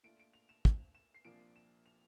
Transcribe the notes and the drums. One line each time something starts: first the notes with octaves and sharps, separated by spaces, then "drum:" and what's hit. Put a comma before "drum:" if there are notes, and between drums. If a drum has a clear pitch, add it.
A#2 A3 D4 F4 D7
D7
F7
E7
F7, drum: kick
E7
C7
C2 A#2 F3 A#3 D4 D7
E7
F7